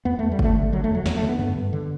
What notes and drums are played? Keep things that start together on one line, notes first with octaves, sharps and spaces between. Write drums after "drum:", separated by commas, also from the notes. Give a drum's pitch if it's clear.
E2 B3
E2 A3
G3
D3, drum: kick
A3
D3
D3 F#3
A3
E2
F#3
E2 F#3, drum: snare
A3
D3
B3
G2 B3
G2
D3